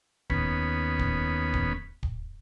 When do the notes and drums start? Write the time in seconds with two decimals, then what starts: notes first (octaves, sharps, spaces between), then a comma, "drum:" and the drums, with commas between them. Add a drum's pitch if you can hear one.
0.30 D#2 B3 C#4 B5, drum: kick
0.99 drum: kick
1.54 drum: kick
2.03 drum: kick